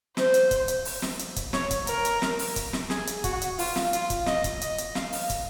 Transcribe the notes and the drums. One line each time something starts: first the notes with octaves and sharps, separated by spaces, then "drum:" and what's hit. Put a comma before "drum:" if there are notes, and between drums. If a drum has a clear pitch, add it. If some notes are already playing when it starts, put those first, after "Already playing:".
C5, drum: snare
drum: hi-hat
drum: kick, hi-hat
drum: hi-hat
drum: open hi-hat
drum: snare
drum: hi-hat
drum: kick, hi-hat
C#5, drum: snare
drum: kick, hi-hat
A#4, drum: hi-hat
drum: hi-hat
drum: snare
drum: open hi-hat
drum: kick, hi-hat
drum: snare
G#4, drum: snare
drum: hi-hat
F#4, drum: kick, hi-hat
drum: hi-hat
F4, drum: open hi-hat
drum: snare
F4, drum: hi-hat
drum: kick, hi-hat
D#5, drum: snare
drum: kick, hi-hat
D#5, drum: hi-hat
drum: hi-hat
F5, drum: snare
drum: open hi-hat
drum: kick, hi-hat